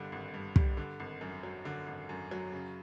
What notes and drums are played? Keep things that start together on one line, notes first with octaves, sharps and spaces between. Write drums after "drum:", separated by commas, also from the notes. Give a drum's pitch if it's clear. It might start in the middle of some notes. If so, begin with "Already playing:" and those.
Already playing: G#1 G2 D3 G3
G#1
G2
G3, drum: kick
D3
G#1
F#2
F#3
D3
G#1
F#2
F#3
C#3